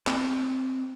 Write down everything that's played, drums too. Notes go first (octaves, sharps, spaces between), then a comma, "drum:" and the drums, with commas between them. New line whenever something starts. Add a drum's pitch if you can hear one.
C4, drum: clap